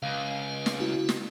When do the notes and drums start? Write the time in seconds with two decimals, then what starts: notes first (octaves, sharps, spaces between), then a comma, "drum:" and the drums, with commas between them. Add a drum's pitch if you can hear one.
0.03 C#2 F5
0.66 drum: snare
0.80 E4 F#4
1.09 drum: snare